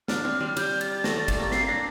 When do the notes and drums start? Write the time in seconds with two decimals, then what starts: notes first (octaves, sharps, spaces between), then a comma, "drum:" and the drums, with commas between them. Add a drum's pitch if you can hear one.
0.08 D4 F6, drum: snare
0.25 C4
0.40 G3
0.57 G3 G6, drum: cymbal
0.81 A6, drum: cymbal
1.04 A3 A#6, drum: snare
1.16 G3 A6
1.28 A3, drum: kick, cymbal
1.36 A#3 A6
1.52 C4 C7, drum: snare
1.68 D4 A#6